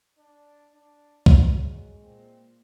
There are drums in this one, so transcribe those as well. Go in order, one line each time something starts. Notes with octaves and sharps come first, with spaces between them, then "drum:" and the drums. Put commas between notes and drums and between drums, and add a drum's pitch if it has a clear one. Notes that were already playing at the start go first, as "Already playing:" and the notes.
D4
D4
drum: kick
F#3 G#3
A#2 C4